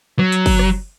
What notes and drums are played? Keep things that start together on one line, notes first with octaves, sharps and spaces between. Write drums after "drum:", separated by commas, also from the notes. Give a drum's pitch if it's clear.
F#3, drum: rim click
drum: hi-hat
drum: kick, open hi-hat
drum: rim click